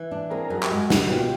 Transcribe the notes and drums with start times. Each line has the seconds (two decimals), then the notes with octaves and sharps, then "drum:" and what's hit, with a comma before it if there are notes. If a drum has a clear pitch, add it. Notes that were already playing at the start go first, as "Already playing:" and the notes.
Already playing: E3
0.11 D4
0.30 C4 G#4 A#4
0.50 F#2
0.63 G4, drum: clap
0.70 G#3 F#4 G#4
0.90 D#3, drum: snare
1.03 F#4
1.10 B2 F4 G4